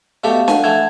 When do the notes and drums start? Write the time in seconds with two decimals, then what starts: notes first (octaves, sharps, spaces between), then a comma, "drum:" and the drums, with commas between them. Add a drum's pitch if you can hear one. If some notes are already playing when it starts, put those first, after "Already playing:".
0.24 B2 A3 G4 D#5 F5
0.48 F#5 G#5 A5, drum: snare D4
0.64 E3 A3 G#6